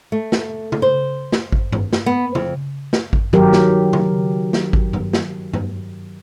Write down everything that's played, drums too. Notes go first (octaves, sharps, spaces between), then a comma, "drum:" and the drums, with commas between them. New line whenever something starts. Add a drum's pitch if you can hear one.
A3
drum: snare
drum: tom C#3
C5
drum: snare
drum: kick G#1
drum: tom G2
drum: snare
B3
F2, drum: tom C#3
drum: snare
drum: kick G#1
D#3 F#3 G4 A#4, drum: tom G2
drum: snare
drum: tom C#3
drum: snare
drum: kick G#1
drum: tom G2
drum: snare
drum: tom G2